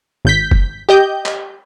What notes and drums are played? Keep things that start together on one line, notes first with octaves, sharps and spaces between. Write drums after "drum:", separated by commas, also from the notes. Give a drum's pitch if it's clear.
G#1 G6 B6
drum: kick F#1
G4 D#5 G6
drum: clap